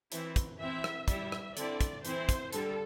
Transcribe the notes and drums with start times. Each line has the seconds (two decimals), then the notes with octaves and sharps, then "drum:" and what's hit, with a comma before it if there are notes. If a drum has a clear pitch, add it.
0.12 E3 C4 E4, drum: hi-hat
0.36 drum: kick, hi-hat
0.60 E3 C4 E4 E5
0.84 drum: rim click
1.08 G3 E4 E5, drum: kick, hi-hat
1.32 drum: rim click
1.57 D3 C4 E4 D5, drum: hi-hat
1.81 drum: kick, hi-hat
2.05 E3 C4 E4 C5, drum: hi-hat
2.29 drum: kick, hi-hat
2.53 D3 G3 A4, drum: hi-hat